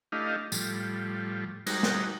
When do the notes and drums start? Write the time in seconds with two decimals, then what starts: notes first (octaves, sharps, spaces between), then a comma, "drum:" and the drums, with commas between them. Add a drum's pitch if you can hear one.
0.12 A3 D4 E4 G4 D#5 F5
0.52 A2 F3 G3, drum: tambourine
1.66 G3 G#3 D#4 F#4 A#4, drum: cymbal
1.83 drum: snare